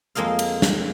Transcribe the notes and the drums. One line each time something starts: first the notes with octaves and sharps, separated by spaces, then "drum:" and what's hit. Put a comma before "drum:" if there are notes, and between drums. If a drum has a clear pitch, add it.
F2 G#3 A#3 D#5 F5
drum: cymbal
drum: snare